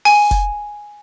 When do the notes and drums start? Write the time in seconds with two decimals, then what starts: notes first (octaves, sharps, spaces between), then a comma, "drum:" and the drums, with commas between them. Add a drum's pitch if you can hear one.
0.05 G#5, drum: open hi-hat
0.31 drum: kick F1, hi-hat